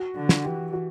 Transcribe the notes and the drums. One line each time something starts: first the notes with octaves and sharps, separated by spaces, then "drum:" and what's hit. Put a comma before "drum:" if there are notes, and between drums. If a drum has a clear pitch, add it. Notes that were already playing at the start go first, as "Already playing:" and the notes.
Already playing: F#4
D3
drum: snare
E3 G4
F#4